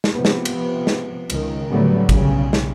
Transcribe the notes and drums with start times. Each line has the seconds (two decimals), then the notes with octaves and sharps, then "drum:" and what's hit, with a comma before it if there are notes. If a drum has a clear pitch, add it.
0.04 drum: snare
0.15 C3 F3 B3
0.25 drum: snare
0.45 drum: cymbal
0.87 drum: snare
1.30 C#2 D#3, drum: cymbal
1.70 A2 D3 F#3 G3 A3 B3
2.09 B1 A2 C#3 G3, drum: kick G#1, cymbal
2.53 drum: snare